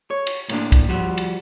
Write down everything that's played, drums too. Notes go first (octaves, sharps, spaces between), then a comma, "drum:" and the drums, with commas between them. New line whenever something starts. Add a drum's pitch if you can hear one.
C#5
drum: cymbal
A2 A#3 D4, drum: cymbal
drum: kick C2, cymbal
F3 G3 F#4
drum: cymbal